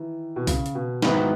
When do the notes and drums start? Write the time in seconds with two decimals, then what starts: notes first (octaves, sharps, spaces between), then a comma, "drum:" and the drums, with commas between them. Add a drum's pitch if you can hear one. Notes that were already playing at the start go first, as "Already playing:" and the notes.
Already playing: D#3 E3
0.36 B2
0.47 C#3, drum: kick, open hi-hat
0.66 drum: hi-hat
0.75 B2
1.02 G#2 D#3 F#3 B3 E4 B4, drum: snare